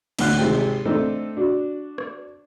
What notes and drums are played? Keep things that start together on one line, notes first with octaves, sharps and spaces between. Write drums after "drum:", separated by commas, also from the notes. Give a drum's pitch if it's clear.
D2 A2 D3 F#5 F#6, drum: cymbal
G#1 C3 G#3 G4 C5 G5
A3 C4 D4 D#4 A4
D4 F#4
drum: rim click